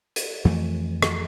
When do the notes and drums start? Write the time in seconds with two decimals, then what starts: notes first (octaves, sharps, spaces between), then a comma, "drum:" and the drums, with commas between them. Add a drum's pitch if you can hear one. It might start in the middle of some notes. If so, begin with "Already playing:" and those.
0.16 drum: hi-hat
0.45 F2 E3 A3
1.03 drum: rim click